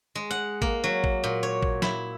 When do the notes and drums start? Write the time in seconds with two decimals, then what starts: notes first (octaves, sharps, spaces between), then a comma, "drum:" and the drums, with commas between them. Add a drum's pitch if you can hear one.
0.15 G#3
0.31 F#5
0.62 A#3, drum: kick A1
0.84 F#3
1.04 drum: kick A1
1.24 A#2
1.43 C#5
1.63 drum: kick A1
1.82 E4, drum: snare